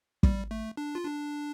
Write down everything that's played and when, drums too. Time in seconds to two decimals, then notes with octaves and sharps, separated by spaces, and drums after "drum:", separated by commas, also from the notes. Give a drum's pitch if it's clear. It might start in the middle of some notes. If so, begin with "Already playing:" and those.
0.23 G3, drum: kick
0.51 A3
0.77 D4
0.95 F4
1.05 D4